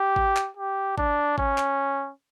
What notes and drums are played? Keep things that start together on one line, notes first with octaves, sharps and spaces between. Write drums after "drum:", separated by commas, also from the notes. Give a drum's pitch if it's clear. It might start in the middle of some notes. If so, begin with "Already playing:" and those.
Already playing: G4
drum: kick G#1
drum: clap
G4
D4, drum: kick G#1
C#4, drum: kick G#1
drum: clap